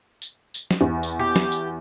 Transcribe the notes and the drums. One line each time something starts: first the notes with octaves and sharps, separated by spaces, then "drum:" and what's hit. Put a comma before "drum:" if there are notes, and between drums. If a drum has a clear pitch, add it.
drum: tambourine
drum: tambourine
drum: snare
E2
drum: tambourine
G4
drum: snare
drum: tambourine